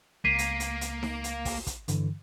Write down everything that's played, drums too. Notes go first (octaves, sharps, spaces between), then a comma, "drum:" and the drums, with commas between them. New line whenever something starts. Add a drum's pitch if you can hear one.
C#2 A#3 B6 C7 D#7
drum: hi-hat
drum: hi-hat
drum: hi-hat
drum: snare D#4
drum: hi-hat
drum: kick, open hi-hat
drum: kick, hi-hat
G2 D3 E3, drum: hi-hat